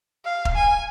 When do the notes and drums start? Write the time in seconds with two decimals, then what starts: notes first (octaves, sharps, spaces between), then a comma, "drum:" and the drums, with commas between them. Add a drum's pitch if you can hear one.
0.25 F5
0.45 drum: kick
0.56 G#5